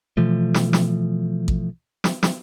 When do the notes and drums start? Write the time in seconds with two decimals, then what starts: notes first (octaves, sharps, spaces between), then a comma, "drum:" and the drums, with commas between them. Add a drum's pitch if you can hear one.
0.17 B2 E3 F3 A3
0.54 drum: snare
0.73 drum: snare
1.48 drum: kick A1
2.04 drum: snare
2.23 drum: snare